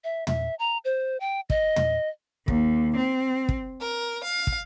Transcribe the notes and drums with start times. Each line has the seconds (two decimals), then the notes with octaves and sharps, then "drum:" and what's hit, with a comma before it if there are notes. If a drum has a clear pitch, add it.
0.04 E5
0.27 E5, drum: tom
0.59 A#5
0.85 C5
1.20 G5
1.50 D#5, drum: kick
1.76 drum: tom
2.48 D#2, drum: kick
2.97 C4
3.49 drum: kick
3.80 A#4
4.24 F5
4.47 drum: kick